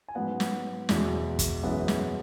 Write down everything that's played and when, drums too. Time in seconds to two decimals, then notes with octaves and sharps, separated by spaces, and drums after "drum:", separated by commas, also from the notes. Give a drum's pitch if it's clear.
0.08 G#5
0.15 G#2 F#3 B3 F#5
0.40 drum: snare
0.89 E2 B2 G#3, drum: snare
1.39 drum: kick, hi-hat
1.63 F#2 E3 G#3 B3
1.88 drum: snare